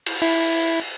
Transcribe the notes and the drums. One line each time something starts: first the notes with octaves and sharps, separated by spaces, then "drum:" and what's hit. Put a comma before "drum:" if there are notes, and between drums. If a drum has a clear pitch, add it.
drum: cymbal
E4, drum: open hi-hat